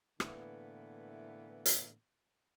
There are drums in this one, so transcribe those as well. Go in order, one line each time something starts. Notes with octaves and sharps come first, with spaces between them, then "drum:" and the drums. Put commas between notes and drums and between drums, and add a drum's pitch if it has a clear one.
A2 D3 E3 A#3 B3, drum: rim click
drum: hi-hat